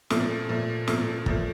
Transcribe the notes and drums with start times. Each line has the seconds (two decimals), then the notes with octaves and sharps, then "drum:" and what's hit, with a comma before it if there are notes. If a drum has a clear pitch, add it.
0.10 A#2 F3 A3, drum: snare
0.49 A#2 F3 A3
0.88 A#2 F3 A3, drum: snare
1.26 A#2 F3 A3, drum: kick